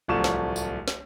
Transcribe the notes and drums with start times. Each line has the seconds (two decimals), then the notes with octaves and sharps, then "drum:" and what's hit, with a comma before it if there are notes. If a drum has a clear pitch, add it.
0.08 D1 C2 F3 A3 C#6 E7
0.24 drum: snare
0.56 drum: tambourine
0.88 drum: snare